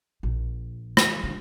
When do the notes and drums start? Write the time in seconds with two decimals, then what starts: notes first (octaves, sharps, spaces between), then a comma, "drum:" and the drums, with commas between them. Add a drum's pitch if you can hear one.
0.23 A#1
0.97 drum: rim click
1.23 D3